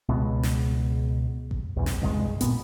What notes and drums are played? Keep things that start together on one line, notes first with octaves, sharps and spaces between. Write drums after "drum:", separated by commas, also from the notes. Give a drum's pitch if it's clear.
C#2 B2 G#3
drum: snare
drum: kick A1
B1 E2
drum: snare
C2 G2 G#3, drum: kick A1
A#2 B3, drum: hi-hat